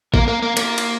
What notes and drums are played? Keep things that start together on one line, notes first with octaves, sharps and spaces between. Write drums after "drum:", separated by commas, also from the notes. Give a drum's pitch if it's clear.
A#3 A#4, drum: kick A1
A#3 A#4
A#3 A#4
A#3 A#4, drum: cymbal
drum: cymbal